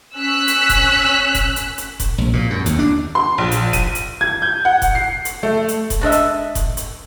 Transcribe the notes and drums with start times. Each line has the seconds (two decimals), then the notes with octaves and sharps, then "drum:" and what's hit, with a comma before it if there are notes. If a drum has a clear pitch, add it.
0.16 C#4 E6 F#6 B6
0.48 drum: hi-hat
0.69 drum: kick F1, hi-hat
1.34 drum: kick F1, hi-hat
1.56 drum: hi-hat
1.78 drum: hi-hat
2.00 drum: kick F1, hi-hat
2.18 A#1
2.33 A#2
2.50 F#2
2.66 D#2, drum: hi-hat
2.79 D4
3.15 C6
3.38 A#1
3.51 drum: hi-hat
3.73 D#7, drum: kick F1, hi-hat
3.95 drum: hi-hat
4.21 G#6
4.42 G6
4.65 F#5
4.82 drum: kick F1, hi-hat
4.95 C7
5.25 drum: hi-hat
5.43 A3
5.68 drum: hi-hat
5.90 drum: kick F1, hi-hat
6.01 G#3 D4 D#5 E5
6.12 drum: hi-hat
6.55 drum: kick F1, hi-hat
6.77 drum: hi-hat